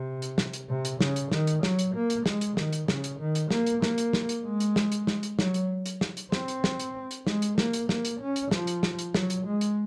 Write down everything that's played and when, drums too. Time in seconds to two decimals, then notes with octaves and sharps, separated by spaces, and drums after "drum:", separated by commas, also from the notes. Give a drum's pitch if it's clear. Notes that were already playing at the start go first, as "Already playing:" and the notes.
Already playing: C3
0.22 drum: hi-hat
0.38 drum: snare
0.53 drum: hi-hat
0.69 C3
0.85 drum: hi-hat
1.01 C#3, drum: snare
1.16 drum: hi-hat
1.32 D#3, drum: snare
1.47 drum: hi-hat
1.63 F#3, drum: snare
1.79 drum: hi-hat
1.94 A#3
2.10 drum: hi-hat
2.26 G#3, drum: snare
2.41 drum: hi-hat
2.57 D#3, drum: snare
2.73 drum: hi-hat
2.88 C#3, drum: snare
3.04 drum: hi-hat
3.20 D#3
3.35 drum: hi-hat
3.51 A#3, drum: snare
3.66 drum: hi-hat
3.82 A#3, drum: snare
3.98 drum: hi-hat
4.13 drum: snare
4.29 drum: hi-hat
4.45 G#3
4.60 drum: hi-hat
4.76 drum: snare
4.92 drum: hi-hat
5.07 drum: snare
5.23 drum: hi-hat
5.39 F#3, drum: snare
5.54 drum: hi-hat
5.86 drum: hi-hat
6.01 drum: snare
6.17 drum: hi-hat
6.32 C4, drum: snare
6.48 drum: hi-hat
6.64 drum: snare
6.79 drum: hi-hat
7.11 drum: hi-hat
7.27 G#3, drum: snare
7.42 drum: hi-hat
7.58 A#3, drum: snare
7.73 drum: hi-hat
7.89 A#3, drum: snare
8.05 drum: hi-hat
8.20 C#4
8.36 drum: hi-hat
8.51 F3, drum: snare
8.67 drum: hi-hat
8.83 drum: snare
8.99 drum: hi-hat
9.14 F#3, drum: snare
9.30 drum: hi-hat
9.46 G#3
9.61 drum: hi-hat